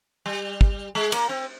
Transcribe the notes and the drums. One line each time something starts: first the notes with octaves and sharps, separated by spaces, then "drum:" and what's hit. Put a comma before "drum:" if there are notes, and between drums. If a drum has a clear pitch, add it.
G3
drum: kick
G#3
A#3, drum: cymbal
C4